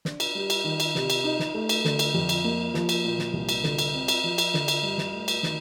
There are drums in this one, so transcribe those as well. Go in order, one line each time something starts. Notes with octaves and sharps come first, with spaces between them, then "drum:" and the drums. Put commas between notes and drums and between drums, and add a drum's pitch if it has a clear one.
D4, drum: snare
drum: cymbal
G3
drum: cymbal
D#3
drum: cymbal
C3, drum: snare
drum: cymbal
D#4
drum: snare
A3
drum: cymbal
D3, drum: snare
drum: cymbal
F2
drum: cymbal
A#3
F3, drum: snare
drum: cymbal
A#2
drum: snare
C2
drum: cymbal
D3, drum: snare
drum: cymbal
C4
drum: cymbal
F3
drum: cymbal
D3, drum: snare
drum: cymbal
G2
drum: snare
A3
drum: cymbal
D#3, drum: snare